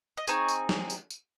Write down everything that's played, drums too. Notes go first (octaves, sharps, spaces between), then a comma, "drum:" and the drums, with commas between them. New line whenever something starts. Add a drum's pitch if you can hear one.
D#5
C4 D#4 G#4 C#5, drum: tambourine
drum: tambourine
drum: snare
drum: tambourine
drum: tambourine